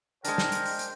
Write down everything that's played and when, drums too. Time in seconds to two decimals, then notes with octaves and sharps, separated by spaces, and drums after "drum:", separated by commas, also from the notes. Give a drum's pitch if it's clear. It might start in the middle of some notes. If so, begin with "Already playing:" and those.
0.25 G#3 D4 A#4 C5 G5, drum: hi-hat
0.38 drum: snare
0.52 drum: hi-hat
0.65 drum: open hi-hat
0.79 drum: hi-hat